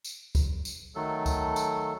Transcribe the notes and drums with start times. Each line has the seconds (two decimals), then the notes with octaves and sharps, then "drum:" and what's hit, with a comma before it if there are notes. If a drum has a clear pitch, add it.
0.04 drum: tambourine
0.35 drum: kick, tambourine
0.65 drum: tambourine
0.95 D#3 F#3 A3 A4
1.26 drum: kick, tambourine
1.56 drum: tambourine